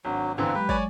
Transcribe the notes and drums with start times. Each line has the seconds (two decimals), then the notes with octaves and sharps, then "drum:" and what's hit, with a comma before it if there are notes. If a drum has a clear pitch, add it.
0.05 G#1 F#3 D4
0.38 G1 D3 E3 C4 F5 G5 A#5
0.55 F#3 G#3 G4 B4
0.69 C#5 D5 G#5, drum: kick